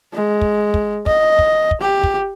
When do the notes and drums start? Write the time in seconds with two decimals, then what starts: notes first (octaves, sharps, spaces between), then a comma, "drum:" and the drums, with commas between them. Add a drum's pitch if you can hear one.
0.14 G#3
0.41 drum: kick
0.74 drum: kick
1.06 D#5, drum: kick
1.39 drum: kick
1.71 drum: kick
1.81 G4
2.03 drum: kick